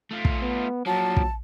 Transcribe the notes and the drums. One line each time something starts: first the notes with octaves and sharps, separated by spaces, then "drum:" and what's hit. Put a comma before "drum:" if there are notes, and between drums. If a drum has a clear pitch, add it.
A3 F4
drum: kick
B3
A#2 F3 F#3 A5
drum: kick